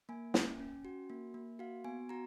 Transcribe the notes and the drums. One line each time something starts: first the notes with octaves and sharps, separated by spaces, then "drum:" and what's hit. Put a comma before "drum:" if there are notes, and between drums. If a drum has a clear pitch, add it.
A#3 G#5
C#4, drum: snare
C#4
F#4
A#3
A#3
F#4 F5
B3 G#5
F#4 A#5